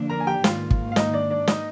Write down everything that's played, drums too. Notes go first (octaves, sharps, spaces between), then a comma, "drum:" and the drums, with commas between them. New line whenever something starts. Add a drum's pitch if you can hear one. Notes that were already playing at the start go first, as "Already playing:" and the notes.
Already playing: D3 F3 A#3 D4
A#4 A#5
G#5
G4 G5
G#2 D#3 A#3 F4 F5, drum: snare
drum: kick
F5
D#4 D#5, drum: snare
D4 D5
D4 D5
D#4 D#5, drum: snare